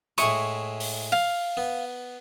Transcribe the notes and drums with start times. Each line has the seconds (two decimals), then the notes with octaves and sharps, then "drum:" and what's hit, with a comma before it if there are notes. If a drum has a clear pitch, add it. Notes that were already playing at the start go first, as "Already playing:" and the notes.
0.18 A2 G#3 E4 C#6 D#6, drum: hi-hat
0.80 drum: open hi-hat
1.12 F5
1.57 B3